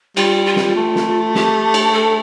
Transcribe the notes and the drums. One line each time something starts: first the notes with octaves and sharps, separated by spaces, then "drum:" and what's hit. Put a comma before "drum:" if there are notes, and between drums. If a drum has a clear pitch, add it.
G3 F4, drum: cymbal
F4
drum: snare
A3
drum: snare
G4, drum: snare
drum: cymbal
A4